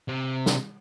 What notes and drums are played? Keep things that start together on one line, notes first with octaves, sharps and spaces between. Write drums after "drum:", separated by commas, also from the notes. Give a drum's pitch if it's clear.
C3
drum: snare